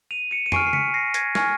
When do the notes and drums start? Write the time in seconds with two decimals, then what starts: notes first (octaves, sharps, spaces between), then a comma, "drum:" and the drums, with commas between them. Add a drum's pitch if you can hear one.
0.11 D#7 F7
0.31 C#7 D#7
0.46 D#7
0.52 G#5 C#6 F6 C7 D7, drum: tom
0.67 C7
0.73 B6 C#7, drum: tom
0.94 A#6 C7
1.14 G#6 A#6, drum: hi-hat
1.35 G#5 C#6 F6 G#6, drum: snare